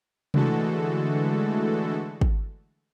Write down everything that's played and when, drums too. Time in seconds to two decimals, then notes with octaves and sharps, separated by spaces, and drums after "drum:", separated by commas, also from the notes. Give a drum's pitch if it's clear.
0.34 D3 E3 G#3 A3 F#4 A4, drum: tom C3
2.21 drum: kick